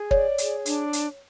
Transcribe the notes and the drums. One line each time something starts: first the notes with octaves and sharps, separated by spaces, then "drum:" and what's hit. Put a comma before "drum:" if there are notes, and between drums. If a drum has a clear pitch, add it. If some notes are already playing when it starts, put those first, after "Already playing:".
Already playing: G#4
C#5 D5, drum: kick
G#4, drum: hi-hat
D4, drum: hi-hat
drum: hi-hat